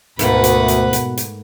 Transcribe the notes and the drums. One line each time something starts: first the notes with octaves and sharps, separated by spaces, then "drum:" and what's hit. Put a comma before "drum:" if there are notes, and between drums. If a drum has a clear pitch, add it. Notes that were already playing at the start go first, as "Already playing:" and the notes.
D2 G#2 B2 A3 A#3 B4 F#5, drum: hi-hat
drum: hi-hat
drum: hi-hat
drum: hi-hat
drum: hi-hat